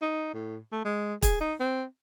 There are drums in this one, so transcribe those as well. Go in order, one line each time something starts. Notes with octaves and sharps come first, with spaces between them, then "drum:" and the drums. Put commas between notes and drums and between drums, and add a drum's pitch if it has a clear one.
D#4
A2
A3
G#3
G#4, drum: kick, hi-hat
D#4
C4